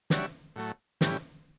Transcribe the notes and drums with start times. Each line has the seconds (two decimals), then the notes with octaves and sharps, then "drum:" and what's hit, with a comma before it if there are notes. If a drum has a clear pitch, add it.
0.10 G3 D4 F#4 C#5 E5, drum: snare
0.56 A2 F#3 A3
1.01 A2 E3 G3 C#4 G4, drum: snare